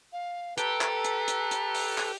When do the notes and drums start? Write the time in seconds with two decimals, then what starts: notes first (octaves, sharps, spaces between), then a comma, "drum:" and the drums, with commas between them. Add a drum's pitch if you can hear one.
0.13 F5
0.58 G4 A4 B4 A#5, drum: hi-hat
0.81 drum: clap
1.04 drum: hi-hat
1.28 drum: hi-hat
1.51 drum: hi-hat
1.75 drum: open hi-hat
1.98 drum: clap